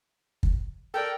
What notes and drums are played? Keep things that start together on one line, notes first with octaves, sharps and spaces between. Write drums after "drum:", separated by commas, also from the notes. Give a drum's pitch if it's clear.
drum: kick
A4 A#4 D5 G5